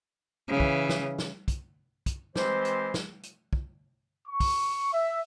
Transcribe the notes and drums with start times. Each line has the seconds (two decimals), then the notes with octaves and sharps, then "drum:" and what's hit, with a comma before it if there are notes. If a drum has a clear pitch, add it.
0.49 C#3 E3
0.60 drum: kick
0.89 drum: snare
1.19 drum: snare
1.48 drum: kick, hi-hat
2.06 drum: kick, hi-hat
2.36 E3 G#3 C4 G4 C5, drum: snare
2.65 drum: hi-hat
2.94 drum: snare
3.23 drum: hi-hat
3.53 drum: kick
4.28 C#6
4.40 drum: kick, open hi-hat
4.93 E5